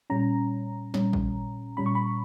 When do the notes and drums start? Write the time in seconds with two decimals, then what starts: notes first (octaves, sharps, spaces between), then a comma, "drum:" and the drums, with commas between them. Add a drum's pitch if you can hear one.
0.10 A#2 G3 C#4 A#5
0.94 A#2 G3 C#4, drum: snare
1.13 drum: kick
1.77 A#2 G3 C#4 B5
1.86 C#6
1.95 B5